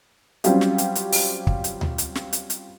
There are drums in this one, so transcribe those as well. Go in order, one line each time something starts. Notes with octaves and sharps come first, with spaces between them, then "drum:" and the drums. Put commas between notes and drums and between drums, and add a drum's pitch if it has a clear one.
F#3 G3 C4 C#4 F4 G4, drum: hi-hat
drum: snare
drum: hi-hat
drum: hi-hat
drum: open hi-hat
drum: kick
drum: hi-hat
drum: tom D2
drum: hi-hat
drum: snare
drum: hi-hat
drum: hi-hat